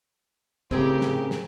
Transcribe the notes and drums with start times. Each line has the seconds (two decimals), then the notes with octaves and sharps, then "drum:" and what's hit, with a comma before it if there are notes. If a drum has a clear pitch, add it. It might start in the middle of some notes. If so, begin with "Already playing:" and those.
0.71 A2 C#3 C4 G4 G#4 A#4, drum: kick
1.01 drum: snare
1.31 drum: snare